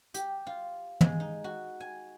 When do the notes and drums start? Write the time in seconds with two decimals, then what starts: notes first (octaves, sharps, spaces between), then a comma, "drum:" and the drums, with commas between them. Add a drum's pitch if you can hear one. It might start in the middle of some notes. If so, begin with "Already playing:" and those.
0.14 G4, drum: hi-hat
0.47 F4
1.01 G#3, drum: tom
1.20 D#4
1.44 F#4
1.80 G#5